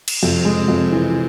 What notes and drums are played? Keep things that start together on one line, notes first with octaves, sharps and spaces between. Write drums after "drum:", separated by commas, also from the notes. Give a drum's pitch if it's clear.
drum: cymbal
F2 C3
G#3
F2
E3